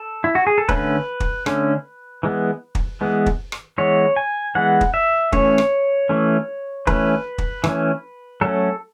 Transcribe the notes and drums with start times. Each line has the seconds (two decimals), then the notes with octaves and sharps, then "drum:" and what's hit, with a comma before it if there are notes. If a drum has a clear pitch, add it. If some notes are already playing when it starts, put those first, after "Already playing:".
Already playing: A4
0.24 E4
0.35 F#4
0.47 G#4
0.58 A4
0.69 D3 A3 C#4 B4, drum: kick
1.20 drum: kick
1.46 D3 A3 C#4, drum: rim click
2.23 E3 G#3 B3
2.75 drum: kick
3.01 E3 G#3 B3
3.26 drum: kick
3.52 drum: rim click
3.78 E3 G#3 B3 C#5
4.16 G#5
4.55 E3 G#3 B3 F#5
4.81 drum: kick
4.94 E5
5.32 E3 A3 C#4 C#5, drum: kick
5.58 drum: rim click
6.09 E3 A3 C#4
6.87 E3 A3 C#4 B4, drum: kick
7.38 drum: kick
7.64 E3 A3 C#4, drum: rim click
8.41 F#3 A3 C#4 A4